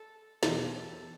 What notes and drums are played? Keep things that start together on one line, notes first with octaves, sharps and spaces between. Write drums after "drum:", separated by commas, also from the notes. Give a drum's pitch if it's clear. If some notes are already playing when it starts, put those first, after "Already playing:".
Already playing: A4
E2 B2 F#3 G4, drum: snare
A4